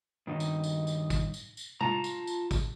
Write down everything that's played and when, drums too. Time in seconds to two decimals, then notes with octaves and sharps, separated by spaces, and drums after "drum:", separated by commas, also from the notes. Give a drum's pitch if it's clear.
0.27 G2 D#3 D#4
0.40 drum: tambourine
0.64 drum: tambourine
0.87 drum: tambourine
1.10 drum: kick, tambourine
1.34 drum: tambourine
1.57 drum: tambourine
1.81 F4 A5 A#5, drum: tom
2.04 drum: tambourine
2.27 drum: tambourine
2.51 drum: kick, tambourine